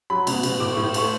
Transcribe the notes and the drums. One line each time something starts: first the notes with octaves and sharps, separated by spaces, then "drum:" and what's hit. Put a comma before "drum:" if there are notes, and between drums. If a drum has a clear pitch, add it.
F#3 B5
B2, drum: cymbal
B2, drum: cymbal
A2 D6
C#6
A2
A3 C#6, drum: cymbal